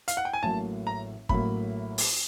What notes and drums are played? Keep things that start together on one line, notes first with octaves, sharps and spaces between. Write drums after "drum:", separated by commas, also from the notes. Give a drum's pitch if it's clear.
F5, drum: hi-hat
F#5
G5
G#5
A1 A2 F#3 A#3 A5
A#5
A1 A2 F#3 A#3 B5, drum: kick G1
drum: open hi-hat